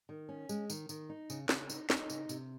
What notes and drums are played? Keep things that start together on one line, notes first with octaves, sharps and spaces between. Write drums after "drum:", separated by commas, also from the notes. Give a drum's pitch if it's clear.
D#3
C#4
G#3, drum: tambourine
D#3, drum: tambourine
D#3, drum: tambourine
D#4
C#3, drum: tambourine
C#3, drum: snare
D#4, drum: tambourine
D#4, drum: snare
C#3, drum: tambourine
C3, drum: tambourine